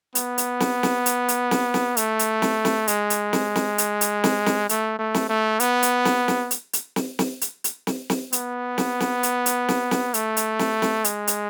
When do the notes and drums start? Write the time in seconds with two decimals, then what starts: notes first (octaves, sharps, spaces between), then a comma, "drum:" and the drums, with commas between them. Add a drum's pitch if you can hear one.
0.15 B3, drum: hi-hat
0.38 drum: hi-hat
0.60 drum: snare
0.83 drum: snare
1.06 drum: hi-hat
1.28 drum: hi-hat
1.51 drum: snare
1.74 drum: snare
1.97 A3, drum: hi-hat
2.19 drum: hi-hat
2.42 drum: snare
2.65 drum: snare
2.88 G#3, drum: hi-hat
3.10 drum: hi-hat
3.33 drum: snare
3.56 drum: snare
3.78 drum: hi-hat
4.01 drum: hi-hat
4.24 drum: snare
4.46 drum: snare
4.69 A3, drum: hi-hat
4.99 A3
5.14 drum: snare
5.29 A3
5.60 B3, drum: hi-hat
5.83 drum: hi-hat
6.05 drum: snare
6.28 drum: snare
6.51 drum: hi-hat
6.73 drum: hi-hat
6.96 drum: snare
7.19 drum: snare
7.41 drum: hi-hat
7.64 drum: hi-hat
7.87 drum: snare
8.10 drum: snare
8.33 B3, drum: hi-hat
8.78 drum: snare
9.00 drum: snare
9.23 drum: hi-hat
9.46 drum: hi-hat
9.69 drum: snare
9.91 drum: snare
10.14 A3, drum: hi-hat
10.37 drum: hi-hat
10.59 drum: snare
10.82 drum: snare
11.04 G#3, drum: hi-hat
11.27 drum: hi-hat